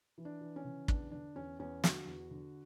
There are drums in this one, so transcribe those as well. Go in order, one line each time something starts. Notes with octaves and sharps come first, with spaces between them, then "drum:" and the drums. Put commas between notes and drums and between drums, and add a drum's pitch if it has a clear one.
E3
D4
E3
C#4
C#3
E2 D4, drum: kick
D3 D4
E2 C#4
E2 C#4
D3 F#4, drum: snare
E2
D3